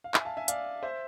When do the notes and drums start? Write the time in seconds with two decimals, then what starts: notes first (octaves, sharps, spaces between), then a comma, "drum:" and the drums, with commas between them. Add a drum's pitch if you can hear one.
0.04 F5
0.14 E5 G#5, drum: clap
0.25 F5 A5
0.37 E5 G#5
0.48 D5 F5, drum: hi-hat
0.83 C5 E5